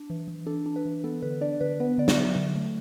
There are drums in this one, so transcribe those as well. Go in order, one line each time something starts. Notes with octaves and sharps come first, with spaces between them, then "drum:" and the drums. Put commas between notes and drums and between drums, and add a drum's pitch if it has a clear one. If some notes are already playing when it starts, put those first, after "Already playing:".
Already playing: D4
E3
E3
D4 A4
D4
B4
E3
B3 A4
D3 B4
D4 D5
D3 B4
B3 B4
D3 D5
drum: snare
F#3 E5
D3
A3